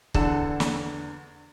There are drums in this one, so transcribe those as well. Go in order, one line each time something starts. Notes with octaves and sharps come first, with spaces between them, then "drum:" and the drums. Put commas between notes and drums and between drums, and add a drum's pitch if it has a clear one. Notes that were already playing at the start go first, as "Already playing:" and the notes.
E2 D3 D4 A4 F#5 E7, drum: kick
drum: snare